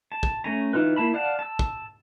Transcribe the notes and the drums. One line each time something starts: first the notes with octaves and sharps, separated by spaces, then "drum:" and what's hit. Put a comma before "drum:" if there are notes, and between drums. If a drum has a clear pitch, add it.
A5
drum: kick
A3 C#4 G#5 A#5
E3 D#4 F4 B4
A#3 E4 A5 B5
D5 F5 F#5 A5
A5 E6
drum: kick